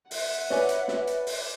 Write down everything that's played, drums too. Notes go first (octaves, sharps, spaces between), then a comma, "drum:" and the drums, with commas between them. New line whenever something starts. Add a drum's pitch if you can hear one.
E5 F#5, drum: open hi-hat
B4 C#5 D5 G#5, drum: snare
drum: hi-hat
drum: snare
drum: hi-hat
drum: open hi-hat